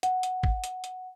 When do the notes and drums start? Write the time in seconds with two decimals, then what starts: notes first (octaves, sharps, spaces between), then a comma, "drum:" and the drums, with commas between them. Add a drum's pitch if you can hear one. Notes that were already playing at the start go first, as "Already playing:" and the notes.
0.03 F#5, drum: hi-hat
0.23 drum: hi-hat
0.43 drum: kick
0.64 drum: hi-hat
0.84 drum: hi-hat